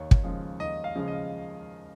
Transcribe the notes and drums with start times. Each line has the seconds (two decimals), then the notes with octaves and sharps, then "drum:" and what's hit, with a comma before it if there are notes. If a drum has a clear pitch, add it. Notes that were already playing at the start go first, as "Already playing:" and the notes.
Already playing: D#2 C#5
0.11 drum: kick
0.23 C#3 F3 G#3
0.60 D#2 D#5
0.84 F5
0.96 C#3 F3 G#3
1.08 D#5